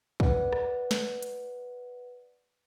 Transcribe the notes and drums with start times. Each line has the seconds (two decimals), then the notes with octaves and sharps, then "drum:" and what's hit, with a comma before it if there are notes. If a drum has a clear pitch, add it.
0.20 B4 D5 F#5, drum: kick
0.53 drum: rim click
0.91 drum: snare
1.22 drum: hi-hat